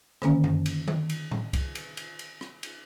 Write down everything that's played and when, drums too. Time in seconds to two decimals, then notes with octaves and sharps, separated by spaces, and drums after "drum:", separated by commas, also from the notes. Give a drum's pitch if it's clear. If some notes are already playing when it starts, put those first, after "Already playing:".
0.22 D3 D#3 A#3 C#4, drum: rim click
0.44 drum: tom F#2
0.66 drum: cymbal
0.88 drum: tom D#3
1.10 drum: cymbal
1.31 drum: tom A2
1.53 drum: kick, cymbal
1.75 drum: cymbal
1.97 drum: cymbal
2.19 drum: cymbal
2.41 drum: rim click
2.63 drum: cymbal